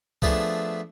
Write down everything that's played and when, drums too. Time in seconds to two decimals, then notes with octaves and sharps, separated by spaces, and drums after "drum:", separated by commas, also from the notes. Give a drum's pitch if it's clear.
0.22 F3 A3 B3 D4 G#4 E5, drum: kick